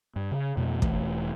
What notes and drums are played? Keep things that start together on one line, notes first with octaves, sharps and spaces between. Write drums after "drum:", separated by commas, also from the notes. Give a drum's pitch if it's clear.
G2
C#3
F2 B2 A3
E1 D#2 E3 A3, drum: kick